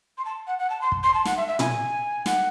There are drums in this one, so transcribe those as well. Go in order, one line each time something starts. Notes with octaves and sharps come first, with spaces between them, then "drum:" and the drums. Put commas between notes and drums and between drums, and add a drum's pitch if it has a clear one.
C6
A5
F#5
F#5
A5
C6
drum: kick
C6
A5
F#5, drum: snare
E5
E5
G#5, drum: tom
F#5, drum: snare